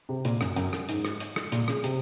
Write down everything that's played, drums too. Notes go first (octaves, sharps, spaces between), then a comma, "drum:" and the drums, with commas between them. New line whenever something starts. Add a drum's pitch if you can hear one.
C3
A#2, drum: hi-hat
F#2, drum: rim click
F#2, drum: hi-hat
drum: rim click
G#2, drum: hi-hat
drum: rim click
drum: hi-hat
drum: rim click
A#2, drum: hi-hat
C#3, drum: rim click
C3, drum: hi-hat